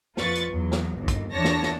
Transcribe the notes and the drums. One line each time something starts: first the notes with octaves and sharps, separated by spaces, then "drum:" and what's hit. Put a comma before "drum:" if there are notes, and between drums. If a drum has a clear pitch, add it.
F2 F4 B4 C#6 A6, drum: snare
drum: hi-hat
E2 F#3
drum: snare
G1 D#2
drum: kick, hi-hat
E2 D4 C#5 A5 A#6
drum: snare
drum: snare